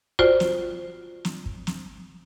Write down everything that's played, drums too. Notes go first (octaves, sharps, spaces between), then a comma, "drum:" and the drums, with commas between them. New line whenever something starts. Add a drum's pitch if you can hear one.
F4 F#4 C5 D5, drum: kick
drum: snare
drum: snare
drum: kick
drum: snare